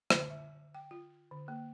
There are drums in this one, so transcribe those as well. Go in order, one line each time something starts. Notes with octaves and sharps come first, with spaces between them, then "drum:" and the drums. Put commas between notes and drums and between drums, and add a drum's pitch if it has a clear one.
D3, drum: rim click
E5
G5
F4
D3
A#3